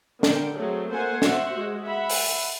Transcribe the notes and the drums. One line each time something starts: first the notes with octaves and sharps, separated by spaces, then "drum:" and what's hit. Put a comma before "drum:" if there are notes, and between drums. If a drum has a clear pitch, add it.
D3 A#4 G5, drum: snare
F#3 A3 C4 G#4
A3 A#3 C5 F#5 G#5
F#4 C5 E5 F#5, drum: snare
G#3 F#4
E5 F#5 B5
drum: open hi-hat